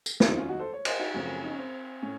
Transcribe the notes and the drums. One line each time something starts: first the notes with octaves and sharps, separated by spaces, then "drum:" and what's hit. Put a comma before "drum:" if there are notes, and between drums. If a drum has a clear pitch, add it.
drum: tambourine
F4, drum: snare
D#2 D#3 F#3 C4 D#4
C#4 F4
D#4 F#4
A4 C5
C#5
C5 D#5, drum: cymbal
D#4 F#4
F#2 C#3 F3 A3 C4 C#4
D#4
C#4
C4
A2 C#4